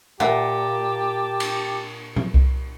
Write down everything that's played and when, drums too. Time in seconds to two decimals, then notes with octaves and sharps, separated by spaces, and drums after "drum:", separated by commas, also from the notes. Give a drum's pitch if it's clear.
0.20 A#2 G4 A#4 E5 F#5 A5
1.40 drum: cymbal
2.16 drum: tom A2
2.34 drum: kick C2